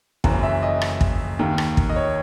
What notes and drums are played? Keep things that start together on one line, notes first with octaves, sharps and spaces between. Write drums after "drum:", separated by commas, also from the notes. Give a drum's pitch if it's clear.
F#1 F#2 E3, drum: kick
E5
D#5
drum: rim click
drum: kick
D#2 D#3 A#3
drum: rim click
drum: kick
D#5
C#5